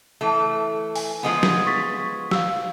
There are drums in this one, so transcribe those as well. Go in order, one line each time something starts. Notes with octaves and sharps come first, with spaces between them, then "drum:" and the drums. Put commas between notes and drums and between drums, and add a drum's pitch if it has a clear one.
E3 A3
G#5, drum: open hi-hat
F3 G#3 B3
drum: snare
C#6 A6 B6
F5 E6, drum: snare